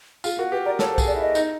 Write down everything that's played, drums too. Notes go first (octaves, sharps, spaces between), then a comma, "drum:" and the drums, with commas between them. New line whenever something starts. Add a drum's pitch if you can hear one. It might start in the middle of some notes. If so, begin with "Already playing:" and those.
F4 G#4, drum: tambourine
F#4 A#4
G4 B4
A#4 D5
A4 C#5, drum: snare
C5
G#4, drum: kick B1, tambourine
D5
E4
D#5
D#4, drum: tambourine